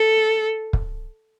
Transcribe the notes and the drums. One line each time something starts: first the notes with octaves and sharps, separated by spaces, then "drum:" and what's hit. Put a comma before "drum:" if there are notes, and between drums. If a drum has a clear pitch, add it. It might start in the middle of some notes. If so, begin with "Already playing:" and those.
Already playing: A4
drum: kick